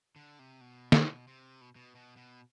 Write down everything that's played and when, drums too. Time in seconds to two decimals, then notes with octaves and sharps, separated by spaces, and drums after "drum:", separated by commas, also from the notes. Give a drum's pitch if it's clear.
0.16 D3
0.39 C3
0.61 B2
0.92 drum: snare
1.28 C3
1.61 B2
1.76 B2
1.95 B2
2.17 B2